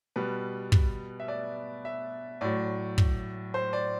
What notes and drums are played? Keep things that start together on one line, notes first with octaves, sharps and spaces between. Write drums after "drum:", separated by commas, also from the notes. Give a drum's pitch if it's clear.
B2 G3 B4
drum: kick
E5
D5
E5
A2 F#3 D5
drum: kick
C5
D5